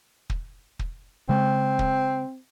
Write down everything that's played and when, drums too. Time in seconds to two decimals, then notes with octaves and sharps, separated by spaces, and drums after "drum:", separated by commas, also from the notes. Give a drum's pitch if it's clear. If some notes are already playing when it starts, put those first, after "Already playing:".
0.30 drum: kick
0.79 drum: kick
1.29 C#3 G#3 C4
1.79 drum: kick